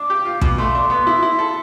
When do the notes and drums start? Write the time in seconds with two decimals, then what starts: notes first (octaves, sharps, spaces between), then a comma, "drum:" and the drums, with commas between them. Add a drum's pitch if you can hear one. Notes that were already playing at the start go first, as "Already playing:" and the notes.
Already playing: D4 D6
0.10 G4
0.25 F4
0.41 B2, drum: kick
0.58 A3 C6
0.75 D4
0.90 B3
1.07 E4
1.23 E4
1.39 A4